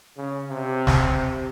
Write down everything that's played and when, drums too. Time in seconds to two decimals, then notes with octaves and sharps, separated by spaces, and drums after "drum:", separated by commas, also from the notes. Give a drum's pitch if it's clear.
0.17 C#3
0.49 C3
0.87 drum: snare